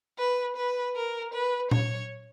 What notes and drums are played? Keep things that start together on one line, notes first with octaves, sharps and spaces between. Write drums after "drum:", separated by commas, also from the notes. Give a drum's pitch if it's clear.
B4
B4
A#4
B4
C#5, drum: tom A#2